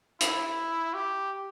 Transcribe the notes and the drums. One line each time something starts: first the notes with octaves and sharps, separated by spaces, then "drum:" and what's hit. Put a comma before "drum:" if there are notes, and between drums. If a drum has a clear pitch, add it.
E4, drum: hi-hat
G4